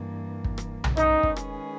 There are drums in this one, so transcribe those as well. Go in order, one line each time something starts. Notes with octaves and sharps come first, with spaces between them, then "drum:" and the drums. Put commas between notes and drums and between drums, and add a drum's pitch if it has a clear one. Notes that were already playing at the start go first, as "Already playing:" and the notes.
Already playing: G2 E3 A#3
drum: kick
drum: rim click
drum: tom B1
D#3 G#3 C#4 D#4 G#4 B4, drum: rim click
drum: kick
drum: rim click